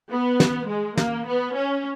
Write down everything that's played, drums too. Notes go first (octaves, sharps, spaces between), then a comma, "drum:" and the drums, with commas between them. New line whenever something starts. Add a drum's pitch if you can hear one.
B3
drum: snare
G#3
A#3, drum: snare
B3
C#4